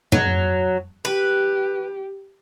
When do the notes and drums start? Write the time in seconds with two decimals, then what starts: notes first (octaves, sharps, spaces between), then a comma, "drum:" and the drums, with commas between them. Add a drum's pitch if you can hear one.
0.12 F#3, drum: tom
1.05 G4 B4